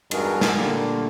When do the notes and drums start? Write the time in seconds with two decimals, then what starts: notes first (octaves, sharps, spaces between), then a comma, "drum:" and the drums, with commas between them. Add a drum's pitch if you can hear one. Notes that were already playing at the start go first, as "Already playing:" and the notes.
0.11 E2 G2 G#3 D#4 F#4 A#4, drum: cymbal
0.41 drum: snare
0.57 A#2 D3 G3 A3 A#3